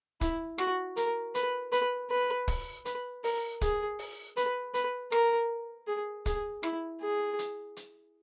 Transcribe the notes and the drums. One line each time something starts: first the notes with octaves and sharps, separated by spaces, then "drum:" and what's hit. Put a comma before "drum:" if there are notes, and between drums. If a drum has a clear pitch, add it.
E4, drum: kick, hi-hat
F#4, drum: rim click
A#4, drum: hi-hat
B4, drum: hi-hat
B4, drum: hi-hat
B4
drum: kick, open hi-hat
B4, drum: hi-hat
A#4, drum: open hi-hat
G#4, drum: kick, hi-hat
drum: open hi-hat
B4, drum: hi-hat
B4, drum: hi-hat
A#4, drum: rim click
G#4
G#4, drum: kick, hi-hat
E4, drum: rim click
G#4
drum: hi-hat
drum: hi-hat